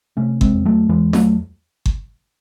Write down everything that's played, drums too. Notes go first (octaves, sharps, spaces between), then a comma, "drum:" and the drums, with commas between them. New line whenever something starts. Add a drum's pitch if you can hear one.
C3 A3 C#4
G#3 C4, drum: kick G1
E2
F#3 A3
E2 E3 G#3
F#3 A3, drum: snare
drum: kick G1